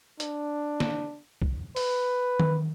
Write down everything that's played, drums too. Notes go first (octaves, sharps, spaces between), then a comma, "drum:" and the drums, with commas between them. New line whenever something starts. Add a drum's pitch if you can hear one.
D4, drum: hi-hat
drum: snare
drum: kick
B4, drum: open hi-hat
drum: tom D#3